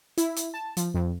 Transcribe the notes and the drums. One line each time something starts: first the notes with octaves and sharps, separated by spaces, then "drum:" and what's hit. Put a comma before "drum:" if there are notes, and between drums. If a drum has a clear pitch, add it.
E4, drum: hi-hat
drum: hi-hat
A5
F3, drum: hi-hat
F2